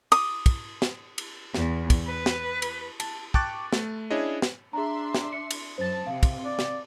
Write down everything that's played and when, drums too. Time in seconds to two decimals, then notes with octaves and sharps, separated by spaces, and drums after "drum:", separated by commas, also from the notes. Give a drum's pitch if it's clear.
0.12 D#6, drum: cymbal
0.46 drum: kick, cymbal
0.82 drum: snare
1.18 drum: cymbal
1.54 E2, drum: snare
1.90 drum: kick, cymbal
2.08 B4
2.26 drum: snare
2.62 drum: cymbal
3.00 A5, drum: cymbal
3.34 G5 A5 C#6 D6 F#6 A6, drum: kick
3.73 A3, drum: snare
4.10 C#4 D4 E4 G#4 C#5 D#5
4.42 drum: snare
4.73 D4 G#4 E5 A#5 C6
5.14 drum: snare
5.33 C#7
5.51 drum: cymbal
5.78 F#2 C5 A5 A6
6.06 C3 F5
6.23 drum: kick, cymbal
6.45 D5
6.59 drum: snare